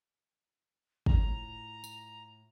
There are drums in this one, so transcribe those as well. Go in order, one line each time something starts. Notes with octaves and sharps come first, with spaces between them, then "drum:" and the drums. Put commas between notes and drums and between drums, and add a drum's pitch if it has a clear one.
A2 F4 A#5, drum: kick
drum: tambourine